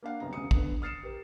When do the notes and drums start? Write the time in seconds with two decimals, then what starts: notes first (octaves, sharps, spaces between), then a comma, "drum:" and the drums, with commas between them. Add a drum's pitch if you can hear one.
0.03 A#3 D4 F5 F#5
0.20 C2 F#2 C#3 B3 A#5
0.33 E1 C#3 D#6 C#7
0.51 D3 B3, drum: kick
0.82 D#6 F6 A6 C7 C#7 E7
1.03 G4 A#4